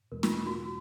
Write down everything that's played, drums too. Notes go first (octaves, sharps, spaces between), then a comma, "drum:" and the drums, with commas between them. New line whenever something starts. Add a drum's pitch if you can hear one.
E2 B2 G#3 A#4
F4, drum: snare
F4
F#4